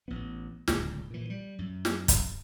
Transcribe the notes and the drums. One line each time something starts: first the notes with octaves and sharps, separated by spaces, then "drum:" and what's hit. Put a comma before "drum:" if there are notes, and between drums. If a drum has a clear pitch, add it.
A1 B3
D1 C#2, drum: snare
A#2 E3
G3
F#2
drum: snare
drum: kick, hi-hat